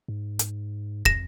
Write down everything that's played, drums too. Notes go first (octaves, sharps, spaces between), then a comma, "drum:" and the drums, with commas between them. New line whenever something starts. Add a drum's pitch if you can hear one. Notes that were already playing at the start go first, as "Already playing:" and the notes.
G#2
drum: hi-hat
F2 A#6 E7, drum: kick